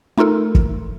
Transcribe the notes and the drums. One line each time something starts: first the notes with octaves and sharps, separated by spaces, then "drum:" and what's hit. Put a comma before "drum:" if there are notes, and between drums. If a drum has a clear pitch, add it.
A3 D#4 F4 A4 A#4
drum: kick